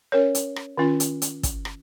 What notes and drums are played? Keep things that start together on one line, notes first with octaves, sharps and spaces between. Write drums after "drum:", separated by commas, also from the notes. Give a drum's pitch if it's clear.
C#4 A#4 C#5
drum: hi-hat
drum: rim click
D#3 C#4 F4
drum: hi-hat
drum: hi-hat
drum: kick, hi-hat
drum: rim click